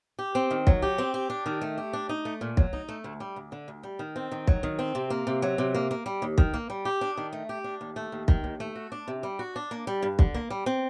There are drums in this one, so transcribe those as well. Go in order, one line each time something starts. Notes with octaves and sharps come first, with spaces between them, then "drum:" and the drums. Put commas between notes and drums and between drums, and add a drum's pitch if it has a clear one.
G4
C4
D#3
F#3, drum: kick
G4
C4
G4
D4
D#3
A3
G4
D4
D#4
A3
A#2
F#3, drum: kick
D#4
A3
D2
G3
D2
D3
D2
G3
D#3
C4
D#3
F#3, drum: kick
D#3
C4
C3
A#3
C3
F#3
C3
A#3
A#3
G3
D#2
D#3, drum: kick
A#3
G3
G4
D4
D#3
A3
G4
D4
D#2
A3
D#2
D#3, drum: kick
D#2
A3
F#4
D4
C3
G3
F#4
D4
A#3
G3
G2
D3, drum: kick
A#3
G3
C4